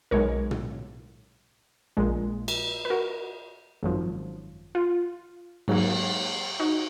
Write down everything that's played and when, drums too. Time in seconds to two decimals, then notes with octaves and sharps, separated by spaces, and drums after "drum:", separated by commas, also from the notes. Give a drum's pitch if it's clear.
0.11 B1 B2 G#3 A#4 C#5
0.51 drum: tom
1.97 A#1 A#2 G#3
2.48 drum: cymbal
2.85 B4
2.90 F#4 A#4
3.83 G#1 F#2 F3
4.75 F4
5.68 G#2 F#3 A#3, drum: cymbal
6.60 D#4 F#4